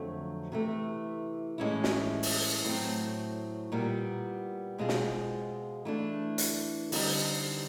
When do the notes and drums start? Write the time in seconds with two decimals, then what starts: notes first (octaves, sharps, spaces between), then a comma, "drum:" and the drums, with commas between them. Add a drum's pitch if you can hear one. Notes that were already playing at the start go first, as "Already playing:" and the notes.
Already playing: F2 D3 F#3 A3 C4
0.52 C3 E3 A3
1.58 A2 E3 G#3 C#4 E4
1.84 drum: snare
2.23 drum: open hi-hat
2.65 A2 F#3 A3 C4
3.72 A#2 G3 B3
4.78 B2 G#3 C4 F4 G#4
4.89 drum: snare
5.85 E3 A3 D4
6.38 drum: hi-hat
6.92 D3 G3 C4 D#4, drum: open hi-hat